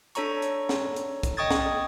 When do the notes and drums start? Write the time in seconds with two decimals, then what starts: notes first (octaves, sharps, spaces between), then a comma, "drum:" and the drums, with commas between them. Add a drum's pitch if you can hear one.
0.15 D4 A4 C#5 A#5 C#6, drum: hi-hat
0.42 drum: hi-hat
0.69 drum: snare
0.96 drum: hi-hat
1.23 drum: kick, hi-hat
1.37 D#5 G5 C#6 D#6 G#6 A6
1.50 drum: snare